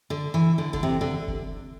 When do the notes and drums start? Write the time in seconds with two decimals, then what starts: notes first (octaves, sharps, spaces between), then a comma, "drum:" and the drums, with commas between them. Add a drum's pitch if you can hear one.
0.10 D3
0.34 E3
0.58 D3
0.73 D3, drum: kick
0.83 C3
1.01 D3
1.28 drum: kick